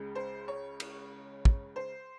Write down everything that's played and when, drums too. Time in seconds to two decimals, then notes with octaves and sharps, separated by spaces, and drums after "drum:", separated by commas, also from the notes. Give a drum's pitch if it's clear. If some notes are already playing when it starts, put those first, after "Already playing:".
Already playing: C#2 C#3 G#3
0.15 C5
0.48 C#5
0.80 drum: cymbal
1.45 drum: kick
1.76 C5